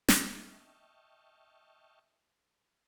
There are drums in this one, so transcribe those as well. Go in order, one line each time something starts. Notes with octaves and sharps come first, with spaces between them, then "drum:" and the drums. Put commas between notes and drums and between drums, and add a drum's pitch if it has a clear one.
drum: snare
D#5 E5 G5 A5 C#6 F6